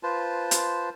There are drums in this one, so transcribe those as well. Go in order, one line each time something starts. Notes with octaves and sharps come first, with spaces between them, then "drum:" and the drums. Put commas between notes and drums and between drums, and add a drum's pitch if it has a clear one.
F4 B4 C5 A5
drum: hi-hat